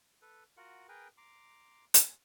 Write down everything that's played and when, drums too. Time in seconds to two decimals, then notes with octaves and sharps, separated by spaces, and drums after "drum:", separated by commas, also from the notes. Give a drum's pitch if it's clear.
0.22 A4 B4
0.57 F4 F#4 A#4 F#5
0.88 G#4 A#4 B4 G5
1.17 A#5 C6 D6
1.94 G#5, drum: hi-hat